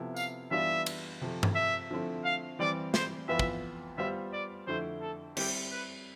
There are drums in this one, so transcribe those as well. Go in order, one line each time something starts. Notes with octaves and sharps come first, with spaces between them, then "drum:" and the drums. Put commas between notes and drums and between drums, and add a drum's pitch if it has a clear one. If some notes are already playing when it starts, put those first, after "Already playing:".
Already playing: C3 F3 B3 E4 A4
F5, drum: tambourine
E3 G3 B3 D4 F4 E5
drum: cymbal
C3 F3 A3
drum: tom G2
E5
D3 F3 A3 C4 E4
F5
E3 G3 C4 G4 D5
C5, drum: snare
F2 E3 B3 F4 B4 E5
drum: kick
G3 B3 F4 C5 E5
D5
F2 D3 A3 E4 C5
A4
G3 C4 E4 G4, drum: cymbal
B4